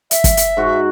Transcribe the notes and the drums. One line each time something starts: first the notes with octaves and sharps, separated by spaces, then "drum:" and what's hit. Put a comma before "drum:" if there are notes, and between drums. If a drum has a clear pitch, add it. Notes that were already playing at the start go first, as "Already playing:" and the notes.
E5, drum: hi-hat
drum: kick, hi-hat
drum: hi-hat
G#2 F#4